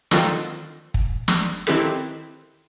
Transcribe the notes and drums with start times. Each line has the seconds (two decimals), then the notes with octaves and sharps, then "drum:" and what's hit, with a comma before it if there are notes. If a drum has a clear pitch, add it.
0.11 D3 D#3 C4 F4 A4, drum: snare
0.94 drum: kick
1.28 drum: snare
1.67 D#3 C4 E4 G4 A4 B4, drum: rim click